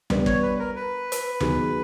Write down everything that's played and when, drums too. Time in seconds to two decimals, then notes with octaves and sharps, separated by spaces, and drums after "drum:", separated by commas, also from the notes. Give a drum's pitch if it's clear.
0.10 G3 B3 D4, drum: tom D2
0.26 C#5, drum: kick
0.43 B4
0.59 A#4
0.76 B4
1.12 drum: hi-hat
1.40 D#3 F#3 B3 D#4 G#4, drum: tom D2